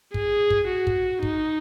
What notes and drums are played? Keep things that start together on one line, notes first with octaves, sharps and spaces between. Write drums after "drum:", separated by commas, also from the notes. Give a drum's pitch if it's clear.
G#4, drum: kick
drum: kick
F#4
drum: kick
D#4, drum: kick